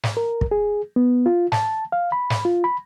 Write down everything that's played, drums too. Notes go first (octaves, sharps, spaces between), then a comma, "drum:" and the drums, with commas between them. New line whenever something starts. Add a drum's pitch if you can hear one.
drum: snare
A#4
drum: kick
G#4
B3
F4
A5, drum: snare
F5
B5
drum: snare
F4
B5